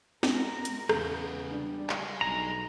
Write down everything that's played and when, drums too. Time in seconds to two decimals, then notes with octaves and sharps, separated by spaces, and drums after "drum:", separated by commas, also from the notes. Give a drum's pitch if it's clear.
0.23 G#3 A#4, drum: snare
0.65 drum: hi-hat
0.89 E2 C#3 B3, drum: rim click
1.52 G3 D4
1.90 G#3, drum: clap
2.21 B1 A#5